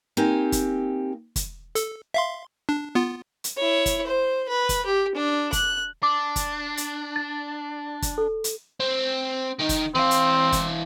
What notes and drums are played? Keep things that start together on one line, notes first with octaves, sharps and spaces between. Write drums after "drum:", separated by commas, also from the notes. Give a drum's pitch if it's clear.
A#3 C4 D#4 G4 G#5
drum: kick, hi-hat
drum: kick, hi-hat
A4, drum: hi-hat
E5 F5 C6
D4
B3 F4
drum: hi-hat
E4 C#5
drum: kick, hi-hat
C5
B4
drum: kick, hi-hat
G4
D4
F#6, drum: kick, hi-hat
D4 D6
drum: kick, hi-hat
drum: hi-hat
A6
drum: kick, hi-hat
A4
drum: hi-hat
C4
D#3 D#4
drum: kick, hi-hat
E3 C4 F5
drum: hi-hat
drum: kick, hi-hat